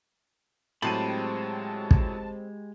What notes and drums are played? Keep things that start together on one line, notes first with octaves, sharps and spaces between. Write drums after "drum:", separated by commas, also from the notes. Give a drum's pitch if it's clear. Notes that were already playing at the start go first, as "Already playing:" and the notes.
A2 F#3 G#3 C4 G4 A5 B5 D#7
drum: kick